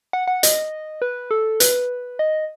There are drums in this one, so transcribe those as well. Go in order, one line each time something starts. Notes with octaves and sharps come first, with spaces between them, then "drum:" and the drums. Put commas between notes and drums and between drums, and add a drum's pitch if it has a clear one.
F#5
F#5
D#5, drum: hi-hat
B4
A4
B4, drum: hi-hat
D#5